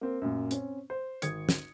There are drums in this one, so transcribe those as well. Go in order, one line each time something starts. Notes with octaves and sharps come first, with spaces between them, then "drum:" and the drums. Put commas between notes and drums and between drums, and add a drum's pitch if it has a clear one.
A#3 C4
F#2 A#2
C4 C#4, drum: hi-hat
C5
G#1 D#6 G#6 C#7, drum: hi-hat
drum: snare